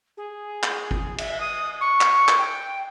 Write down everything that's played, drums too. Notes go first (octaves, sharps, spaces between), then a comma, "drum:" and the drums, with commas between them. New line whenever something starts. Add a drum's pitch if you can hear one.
G#4
drum: clap
drum: kick
E5, drum: cymbal
D#6
C#6
drum: clap
drum: clap
G5